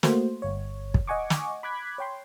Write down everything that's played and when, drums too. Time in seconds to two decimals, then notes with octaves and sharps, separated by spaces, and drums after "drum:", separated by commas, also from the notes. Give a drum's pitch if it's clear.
0.03 A3 A#3 F#4 C5, drum: snare
0.42 G1 C#5
0.94 drum: kick
1.07 D#5 F#5 G#5 C#6 D6
1.30 drum: snare
1.63 B5 D6 F#6 G#6 B6
1.98 C#5 G5 C6